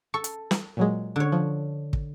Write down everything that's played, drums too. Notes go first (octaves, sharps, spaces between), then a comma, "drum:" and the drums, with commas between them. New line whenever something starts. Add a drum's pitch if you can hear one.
A4 C#6
drum: hi-hat
drum: snare
A#2 F#3 G#3
D3 C#5
F3
drum: kick